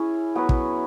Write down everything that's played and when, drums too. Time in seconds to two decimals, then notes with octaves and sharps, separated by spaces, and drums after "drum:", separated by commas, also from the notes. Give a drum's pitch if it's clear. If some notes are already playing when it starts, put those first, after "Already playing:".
Already playing: C#4 E4 G#4
0.35 F#3 B3 F#4 B4
0.49 drum: kick